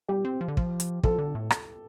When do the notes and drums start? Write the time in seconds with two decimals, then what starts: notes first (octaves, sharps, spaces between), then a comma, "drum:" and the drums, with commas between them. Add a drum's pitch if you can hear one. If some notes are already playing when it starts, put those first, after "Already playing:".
0.08 G3 G4
0.25 C4
0.41 F3
0.48 D3
0.57 F3, drum: kick
0.80 drum: hi-hat
1.04 F3 A4, drum: kick
1.18 D3
1.35 A2
1.50 drum: rim click